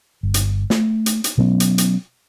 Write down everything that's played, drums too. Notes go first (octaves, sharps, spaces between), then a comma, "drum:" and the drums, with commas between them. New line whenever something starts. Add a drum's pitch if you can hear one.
G1
drum: hi-hat
A3, drum: snare
drum: hi-hat
drum: hi-hat
B2 F#3 B3 C#4
drum: hi-hat
drum: hi-hat